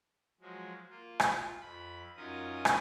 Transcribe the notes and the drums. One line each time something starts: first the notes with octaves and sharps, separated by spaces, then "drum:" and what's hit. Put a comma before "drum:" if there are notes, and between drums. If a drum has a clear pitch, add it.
F3 F#3 G#3
A#3 F4
drum: rim click
F4
F2 B5
F#2 C#4 D#4 F4 A#4 D#6
drum: rim click